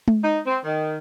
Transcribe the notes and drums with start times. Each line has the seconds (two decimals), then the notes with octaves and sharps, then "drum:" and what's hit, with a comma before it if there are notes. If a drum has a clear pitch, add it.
0.08 drum: tom G#3
0.23 D#4
0.47 C4
0.65 D#3